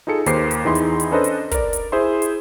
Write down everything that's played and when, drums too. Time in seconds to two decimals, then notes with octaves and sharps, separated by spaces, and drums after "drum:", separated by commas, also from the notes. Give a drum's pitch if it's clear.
0.07 D#4 F4 G#4 A4 C#7
0.26 D#2 A#3 B4 C5 D6 C7, drum: hi-hat
0.51 drum: hi-hat
0.65 E2 E3 D#4 G#4 B5 C6
0.75 drum: hi-hat
1.00 drum: hi-hat
1.11 C#4 D4 A4 B4 C5 D#5
1.24 drum: hi-hat
1.51 A#4 D5, drum: kick, hi-hat
1.73 drum: hi-hat
1.92 E4 G#4 C5 E5 C6
2.22 drum: hi-hat